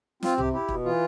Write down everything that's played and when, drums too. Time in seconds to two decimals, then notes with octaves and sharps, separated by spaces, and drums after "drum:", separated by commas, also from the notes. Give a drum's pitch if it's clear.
0.23 C4 F4, drum: snare
0.38 C3 G4, drum: tom C2
0.53 E4 G4
0.69 B2, drum: kick
0.85 E3 F4